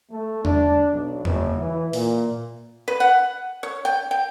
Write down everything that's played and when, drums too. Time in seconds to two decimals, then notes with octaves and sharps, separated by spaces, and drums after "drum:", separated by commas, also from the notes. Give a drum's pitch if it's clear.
0.11 A3
0.45 D4, drum: tom E2
0.93 B1
1.25 F#1, drum: tom E2
1.58 E3
1.93 A#2, drum: open hi-hat
2.88 B4
3.00 F#5
3.63 C#5
3.85 G5
4.11 G5